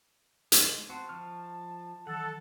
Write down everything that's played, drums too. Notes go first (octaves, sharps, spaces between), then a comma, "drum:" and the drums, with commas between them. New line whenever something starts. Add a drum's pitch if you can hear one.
G#3, drum: hi-hat
C4 F#4 A5
F3 C#6 F6
D#3 E3 F#3 A4 F#5